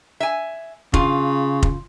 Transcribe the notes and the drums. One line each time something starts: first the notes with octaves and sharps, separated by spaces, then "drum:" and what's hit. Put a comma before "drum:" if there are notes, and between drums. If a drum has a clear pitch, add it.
E5 G#5
C#3 F4 F5, drum: kick F1
drum: kick F1